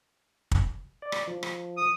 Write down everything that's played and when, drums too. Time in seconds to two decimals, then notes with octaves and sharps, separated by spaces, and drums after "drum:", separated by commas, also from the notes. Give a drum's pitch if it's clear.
0.51 drum: kick
1.02 D5
1.12 drum: rim click
1.27 F3
1.43 drum: rim click
1.77 D#6